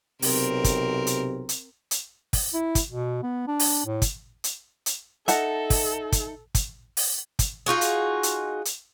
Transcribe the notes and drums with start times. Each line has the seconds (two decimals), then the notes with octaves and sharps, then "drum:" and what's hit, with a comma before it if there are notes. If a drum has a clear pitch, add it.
0.22 B1 C3 C4 A#4, drum: open hi-hat
0.64 drum: kick, hi-hat
1.07 drum: hi-hat
1.49 drum: hi-hat
1.91 drum: hi-hat
2.33 drum: kick, open hi-hat
2.54 E4
2.75 drum: kick, hi-hat
2.90 B2
3.23 B3
3.48 D4
3.59 drum: open hi-hat
3.86 A2
4.02 drum: kick, hi-hat
4.44 drum: hi-hat
4.86 drum: hi-hat
5.28 D#4 A4 D#5 E5 F#5 A5, drum: hi-hat
5.70 drum: kick, open hi-hat
6.12 drum: kick, hi-hat
6.55 drum: kick, hi-hat
6.97 drum: open hi-hat
7.39 drum: kick, hi-hat
7.66 D#4 F4 F#4 G#4
7.81 drum: hi-hat
8.23 drum: hi-hat
8.65 drum: hi-hat